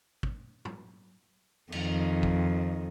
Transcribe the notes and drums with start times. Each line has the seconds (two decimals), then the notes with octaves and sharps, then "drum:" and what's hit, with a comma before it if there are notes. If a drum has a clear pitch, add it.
0.23 drum: kick
0.65 drum: tom G#2
1.72 F2 D#3, drum: cymbal
2.23 drum: kick